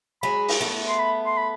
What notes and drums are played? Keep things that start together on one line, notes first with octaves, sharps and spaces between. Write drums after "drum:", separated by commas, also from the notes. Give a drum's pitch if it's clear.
F#3 G#3 B5
drum: open hi-hat
A3 B3
C6
B5
C6
B5